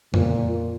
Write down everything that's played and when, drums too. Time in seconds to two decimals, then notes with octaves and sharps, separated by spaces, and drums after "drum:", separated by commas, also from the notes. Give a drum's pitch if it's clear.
0.14 A#2, drum: tom F2